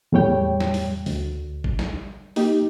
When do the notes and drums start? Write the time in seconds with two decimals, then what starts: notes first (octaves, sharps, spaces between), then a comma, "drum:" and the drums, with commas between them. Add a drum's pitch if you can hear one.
0.12 E2 A2 G3 C#5 G5
0.60 drum: snare
0.74 drum: open hi-hat
1.06 D2, drum: open hi-hat
1.64 drum: kick G#1
1.79 drum: snare
2.36 A#3 D#4 G4, drum: open hi-hat